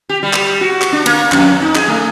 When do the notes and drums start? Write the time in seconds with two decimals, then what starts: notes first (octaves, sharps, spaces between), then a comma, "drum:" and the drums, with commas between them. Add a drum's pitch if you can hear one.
0.09 G4
0.23 G3
0.33 drum: clap
0.61 F#4
0.82 drum: clap
0.92 D4
1.06 A#3, drum: cymbal
1.32 F2, drum: clap
1.62 D#4
1.75 G#4, drum: clap
1.88 A3